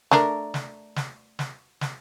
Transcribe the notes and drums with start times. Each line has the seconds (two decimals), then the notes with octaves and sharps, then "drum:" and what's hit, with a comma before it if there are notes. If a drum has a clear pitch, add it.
0.11 A3 D4 A#4, drum: snare
0.54 drum: snare
0.96 drum: snare
1.39 drum: snare
1.81 drum: snare